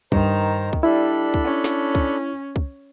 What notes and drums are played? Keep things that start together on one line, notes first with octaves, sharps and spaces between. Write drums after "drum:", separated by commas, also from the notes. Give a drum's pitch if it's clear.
G2 D#3 C5 A#5, drum: kick
drum: kick
G3 D4 E4 A4 B5
drum: kick
C#4
drum: snare
drum: kick
drum: kick